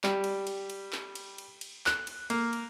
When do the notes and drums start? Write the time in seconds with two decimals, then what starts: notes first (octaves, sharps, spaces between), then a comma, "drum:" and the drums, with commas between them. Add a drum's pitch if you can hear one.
0.04 G3, drum: clap
0.24 drum: cymbal
0.47 drum: cymbal
0.70 drum: cymbal
0.93 drum: clap
1.15 drum: cymbal
1.38 drum: cymbal
1.61 drum: cymbal
1.86 F#6, drum: clap
2.07 drum: cymbal
2.30 A#3, drum: cymbal
2.53 drum: cymbal